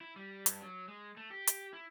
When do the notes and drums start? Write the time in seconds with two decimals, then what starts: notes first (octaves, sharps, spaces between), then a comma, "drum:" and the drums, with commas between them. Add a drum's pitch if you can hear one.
0.01 E4
0.16 G3
0.46 G2, drum: hi-hat
0.62 F#3
0.88 G#3
1.17 A3
1.30 G4
1.47 drum: hi-hat
1.73 E4